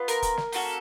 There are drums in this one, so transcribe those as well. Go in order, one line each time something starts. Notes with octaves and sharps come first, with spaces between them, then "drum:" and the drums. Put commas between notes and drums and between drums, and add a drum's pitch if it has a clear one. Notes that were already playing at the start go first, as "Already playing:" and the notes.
Already playing: B3 F4
A#4, drum: hi-hat
drum: kick E1, hi-hat
drum: snare
A#3 C#4 F#4 A4, drum: open hi-hat